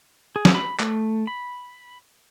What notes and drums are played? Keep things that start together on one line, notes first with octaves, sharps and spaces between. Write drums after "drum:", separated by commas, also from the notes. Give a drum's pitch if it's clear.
G#4
drum: snare
B5
A3, drum: clap
B5